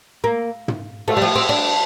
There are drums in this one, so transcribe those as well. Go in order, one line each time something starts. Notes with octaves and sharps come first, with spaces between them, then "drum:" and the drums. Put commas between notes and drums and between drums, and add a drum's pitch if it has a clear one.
A#3
drum: tom
A3, drum: cymbal
G3
F3
C4
D4